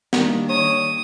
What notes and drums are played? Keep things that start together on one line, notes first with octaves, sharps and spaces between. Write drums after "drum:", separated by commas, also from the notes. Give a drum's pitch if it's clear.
D#3 G3 A#3 D4, drum: snare
C#5 D#6